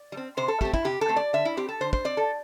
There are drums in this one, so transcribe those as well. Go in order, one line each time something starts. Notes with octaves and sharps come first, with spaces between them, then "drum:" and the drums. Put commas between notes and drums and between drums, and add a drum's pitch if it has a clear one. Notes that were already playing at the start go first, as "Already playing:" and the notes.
Already playing: D5
G3
C4
C3 C5
A4
A3 C4 G4, drum: kick
E4, drum: kick
C3 G4
A4
A3 C4
D5
D3 E5
E4
C4 G4
A4
D3 C5
C5, drum: kick
C4 D5
A4